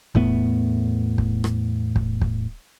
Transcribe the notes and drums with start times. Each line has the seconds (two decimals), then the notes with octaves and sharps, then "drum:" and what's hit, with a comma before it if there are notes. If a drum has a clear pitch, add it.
0.15 E2 A2 A3 B3, drum: kick
1.18 drum: kick
1.44 drum: rim click
1.96 drum: kick
2.21 drum: kick